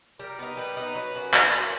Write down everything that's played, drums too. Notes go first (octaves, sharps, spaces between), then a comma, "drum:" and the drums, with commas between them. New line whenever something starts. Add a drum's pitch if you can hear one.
G3 A#4
B3 D#4
G3 B4
B3 D#4
F#3 B4
A#3 C#4 F#4
F#3 C5, drum: clap
A#3 C#4 F#4